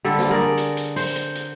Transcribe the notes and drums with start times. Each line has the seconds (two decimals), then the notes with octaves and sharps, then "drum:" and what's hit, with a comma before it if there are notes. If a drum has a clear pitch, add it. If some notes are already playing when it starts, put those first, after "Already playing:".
0.05 D3 G3 A4
0.19 drum: snare
0.30 G#4 A#4 D5
0.57 drum: hi-hat
0.77 drum: hi-hat
0.96 C5, drum: open hi-hat
1.16 drum: hi-hat
1.35 drum: hi-hat